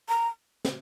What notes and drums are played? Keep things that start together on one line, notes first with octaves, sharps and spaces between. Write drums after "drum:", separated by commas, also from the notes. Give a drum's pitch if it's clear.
A#5
drum: snare